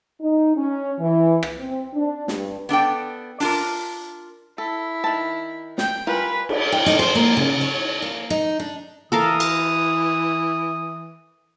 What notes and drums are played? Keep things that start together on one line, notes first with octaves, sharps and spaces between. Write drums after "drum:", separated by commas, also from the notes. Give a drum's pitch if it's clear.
D#4
C#4
E3
drum: rim click
C4
D4
G2, drum: snare
B3 D4 A4 G5
D4 F4 A#4, drum: open hi-hat
E4 A4
D#3 A5
G5, drum: snare
G3 F4 A#4 B4 G#5
drum: cymbal
G5
D#4, drum: hi-hat
C5
A#3
C#3
C#5
A#3
D#4
D4
E3 A4 A#4 F5 D#6
drum: cymbal